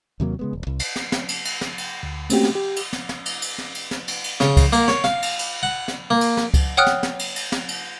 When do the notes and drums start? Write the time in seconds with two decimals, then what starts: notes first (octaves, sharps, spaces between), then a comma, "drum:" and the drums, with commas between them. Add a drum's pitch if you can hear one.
0.20 D#2 C3 F#3 A#3
0.39 C#3 G#3 B3
0.53 E1
0.67 C2
0.79 drum: cymbal
0.96 drum: snare
1.12 drum: snare
1.29 drum: cymbal
1.45 drum: cymbal
1.61 drum: snare
1.78 drum: cymbal
2.03 D2
2.30 A3 A#3 C4 C#4 F#4 G4, drum: cymbal
2.43 drum: snare
2.55 G4
2.76 drum: cymbal
2.93 drum: snare
3.09 drum: snare
3.25 drum: cymbal
3.42 drum: cymbal
3.58 drum: snare
3.75 drum: cymbal
3.91 drum: snare
4.08 drum: cymbal
4.24 drum: cymbal
4.40 C#3, drum: snare
4.57 drum: kick C#2, cymbal
4.73 A#3, drum: cymbal
4.88 C#5, drum: snare
5.04 F5, drum: snare
5.22 drum: cymbal
5.39 drum: cymbal
5.63 F#5
5.88 drum: snare
6.10 A#3
6.21 drum: cymbal
6.37 drum: snare
6.54 drum: kick C#2, cymbal
6.77 C#5 F#5 G5 D#6 F6 F#6
6.86 drum: snare
7.03 drum: snare
7.19 drum: cymbal
7.36 drum: cymbal
7.52 drum: snare
7.69 drum: cymbal